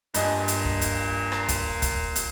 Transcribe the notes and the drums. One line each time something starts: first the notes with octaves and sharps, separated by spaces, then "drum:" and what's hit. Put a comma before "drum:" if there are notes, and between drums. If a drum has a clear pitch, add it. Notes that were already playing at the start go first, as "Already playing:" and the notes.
G2 A#2 D#5 G#5, drum: hi-hat
drum: hi-hat
drum: kick
drum: hi-hat
drum: rim click
drum: kick, hi-hat
drum: kick, hi-hat
drum: hi-hat